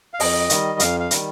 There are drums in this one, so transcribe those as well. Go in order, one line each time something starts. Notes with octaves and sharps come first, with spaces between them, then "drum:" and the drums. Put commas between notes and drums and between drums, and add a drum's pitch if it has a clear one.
F5
F2 D#5, drum: open hi-hat
D#3 G3, drum: hi-hat
F2 F5, drum: hi-hat
F5
D#3 G3, drum: hi-hat